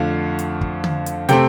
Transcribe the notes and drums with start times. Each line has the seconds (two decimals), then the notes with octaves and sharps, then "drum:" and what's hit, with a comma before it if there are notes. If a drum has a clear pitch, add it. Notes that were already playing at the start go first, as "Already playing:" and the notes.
Already playing: F2 D3 A3 F5
0.39 drum: hi-hat
0.61 drum: kick
0.84 drum: tom D3
1.06 drum: hi-hat
1.29 C3 A3 C4 G5, drum: hi-hat